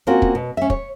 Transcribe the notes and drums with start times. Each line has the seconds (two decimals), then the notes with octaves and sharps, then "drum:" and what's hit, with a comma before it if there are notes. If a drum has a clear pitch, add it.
0.07 A#3 C4 C#4 F4 F#4
0.22 drum: kick
0.35 B2
0.57 C#4 E5
0.70 C#5, drum: kick